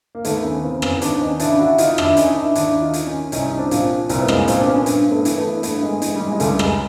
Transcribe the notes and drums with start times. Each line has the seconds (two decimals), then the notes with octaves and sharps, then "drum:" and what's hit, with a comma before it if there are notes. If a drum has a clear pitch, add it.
0.15 A#3
0.25 D#2 A3 B3, drum: hi-hat
0.44 B3 C#4
0.63 C#3 E3 A#3 C4
0.82 B3 C#4, drum: rim click
1.02 D#2 C4 D4, drum: hi-hat
1.14 D4
1.21 C#4 D#4
1.40 C#3 E3 D4 E4, drum: hi-hat
1.59 E4 F#4
1.78 D#2 D#4 F4, drum: hi-hat
1.98 D4 E4, drum: rim click
2.17 D#3 C#4 D#4, drum: hi-hat
2.36 D4 E4
2.55 D#2 D4 E4, drum: hi-hat
2.81 D#4 F4
2.93 D#3, drum: hi-hat
3.07 C#4 D#4
3.32 C2 C#4 D#4, drum: hi-hat
3.51 D#4
3.58 C4 D4
3.71 A#2 F3, drum: hi-hat
4.09 C2 A#3 C4, drum: hi-hat
4.23 B3
4.28 G#3 A#3, drum: rim click
4.48 A#2 F3 A#3 C4, drum: hi-hat
4.61 D4
4.67 B3 C#4
4.86 G2, drum: hi-hat
5.11 A3 B3
5.25 E3, drum: hi-hat
5.38 A3 B3
5.63 G2 A3 B3, drum: hi-hat
5.82 G#3 A#3
6.02 E3 G#3, drum: hi-hat
6.16 G3
6.21 G#3
6.32 G#3
6.40 C#2 G3 A3, drum: hi-hat
6.59 G#3, drum: rim click